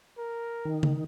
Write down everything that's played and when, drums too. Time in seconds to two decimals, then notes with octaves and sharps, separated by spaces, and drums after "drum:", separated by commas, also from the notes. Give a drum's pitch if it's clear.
0.18 A#4
0.65 D#3
0.83 drum: tom C#3